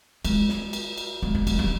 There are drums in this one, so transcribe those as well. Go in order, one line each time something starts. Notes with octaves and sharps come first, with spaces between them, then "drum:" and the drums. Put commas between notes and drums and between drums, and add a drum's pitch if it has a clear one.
G#3, drum: cymbal
drum: snare
drum: cymbal
drum: cymbal
G#3
A#3
G#3, drum: cymbal
G3